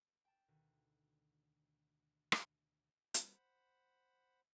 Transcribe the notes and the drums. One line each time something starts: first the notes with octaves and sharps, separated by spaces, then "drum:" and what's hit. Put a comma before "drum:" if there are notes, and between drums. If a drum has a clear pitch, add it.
G5 A5
D2 B2 D#3
drum: rim click
C5 F#5 B5, drum: hi-hat